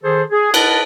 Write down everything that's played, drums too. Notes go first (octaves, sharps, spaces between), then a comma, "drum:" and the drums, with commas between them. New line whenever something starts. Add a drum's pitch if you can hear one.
D#3 G#4 A4 C5
G#4
E4 A#4 B4 D#5 F#5 A5, drum: cymbal